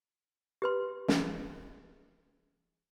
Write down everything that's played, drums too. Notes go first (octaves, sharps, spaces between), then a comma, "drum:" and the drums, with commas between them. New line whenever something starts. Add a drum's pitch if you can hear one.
G4 B4 C6
drum: snare